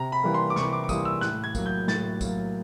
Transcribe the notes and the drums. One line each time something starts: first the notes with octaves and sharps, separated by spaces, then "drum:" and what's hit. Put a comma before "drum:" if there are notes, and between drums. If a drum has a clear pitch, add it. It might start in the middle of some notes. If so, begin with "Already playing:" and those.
Already playing: C3 A#5
B5
E3 G3 A#3
C6
D6
C3 C#6, drum: snare
D6
D6
E3 G3 A#3 D#6, drum: kick B1, tambourine
E6
A2 F#6, drum: snare
G#6
F#3 A#3, drum: kick B1, tambourine
G6
A2 A6, drum: snare
F#3 A#3, drum: kick B1, tambourine